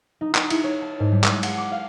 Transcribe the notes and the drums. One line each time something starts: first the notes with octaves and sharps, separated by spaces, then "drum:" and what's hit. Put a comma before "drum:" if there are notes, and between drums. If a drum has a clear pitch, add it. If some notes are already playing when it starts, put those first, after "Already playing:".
D#4
D#4, drum: clap
E4, drum: cymbal
C#5
A5
G#2
G3
G#3, drum: clap
F#5, drum: cymbal
D6
F5